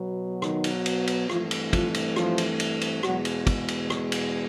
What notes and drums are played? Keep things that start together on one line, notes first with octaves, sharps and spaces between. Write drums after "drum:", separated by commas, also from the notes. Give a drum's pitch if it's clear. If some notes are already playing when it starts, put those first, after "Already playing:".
Already playing: B2 F#3 B3
D#3 D#4, drum: rim click
drum: cymbal
drum: cymbal
drum: cymbal
G2 E3 F3 A3 C4 F4, drum: rim click
drum: cymbal
F3 F4, drum: kick, cymbal
drum: cymbal
F3 F4, drum: rim click
drum: cymbal
drum: cymbal
drum: cymbal
E2 B2 F#3 G#3 F#4, drum: rim click
drum: cymbal
drum: kick, cymbal
drum: cymbal
drum: rim click
drum: cymbal